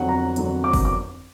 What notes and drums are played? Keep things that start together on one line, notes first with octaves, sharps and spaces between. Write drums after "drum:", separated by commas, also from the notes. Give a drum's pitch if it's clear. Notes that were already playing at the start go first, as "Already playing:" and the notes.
Already playing: F2 D3 F#3 F#5
A#5
F2 D3 F#3, drum: hi-hat
D6
drum: kick G1, open hi-hat
D6